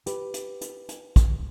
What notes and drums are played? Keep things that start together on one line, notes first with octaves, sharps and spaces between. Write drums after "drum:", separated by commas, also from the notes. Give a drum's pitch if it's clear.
G4 B4, drum: hi-hat
drum: hi-hat
drum: hi-hat
drum: hi-hat
drum: kick, hi-hat